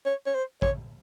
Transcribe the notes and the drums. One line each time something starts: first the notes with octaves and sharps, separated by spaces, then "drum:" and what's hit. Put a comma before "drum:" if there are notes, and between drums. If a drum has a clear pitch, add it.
C#5
C#5
C5
C#5, drum: kick